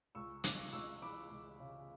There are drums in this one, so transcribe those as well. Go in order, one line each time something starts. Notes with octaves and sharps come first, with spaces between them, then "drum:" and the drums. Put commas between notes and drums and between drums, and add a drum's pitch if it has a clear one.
C#2 C#6 E6
C#3 D6 F#6, drum: hi-hat
C#2 C#6 E6
E3 B5 D6
C#2
C#3